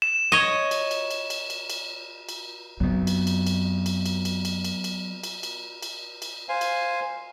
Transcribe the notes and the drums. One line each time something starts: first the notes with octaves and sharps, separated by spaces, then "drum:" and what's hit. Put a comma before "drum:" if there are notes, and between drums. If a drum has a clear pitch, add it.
E7
C#5 D#5
drum: cymbal
drum: cymbal
drum: cymbal
drum: cymbal
drum: cymbal
drum: cymbal
drum: cymbal
F#2 F#3 B3 C4
drum: cymbal
drum: cymbal
drum: cymbal
drum: cymbal
drum: cymbal
drum: cymbal
drum: cymbal
drum: cymbal
drum: cymbal
drum: cymbal
drum: cymbal
drum: cymbal
drum: cymbal
C5 F5 G#5
drum: cymbal